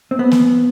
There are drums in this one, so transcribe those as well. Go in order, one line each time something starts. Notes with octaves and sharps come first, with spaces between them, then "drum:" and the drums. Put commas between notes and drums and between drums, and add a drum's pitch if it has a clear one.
C4
B3
drum: snare A#3